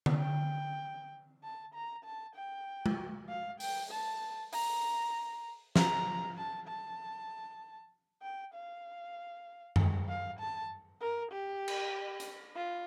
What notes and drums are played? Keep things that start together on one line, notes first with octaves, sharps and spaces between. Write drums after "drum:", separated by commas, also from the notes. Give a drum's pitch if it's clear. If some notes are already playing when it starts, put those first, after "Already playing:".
drum: tom D3
G5
A5
A#5
A5
G5
drum: tom G#3
F5
G5, drum: open hi-hat
A5
A#5, drum: open hi-hat
A#5, drum: snare
A5
A5
G5
F5
drum: tom F#2
F5
A5
A#4
G4
drum: cymbal
drum: hi-hat
F4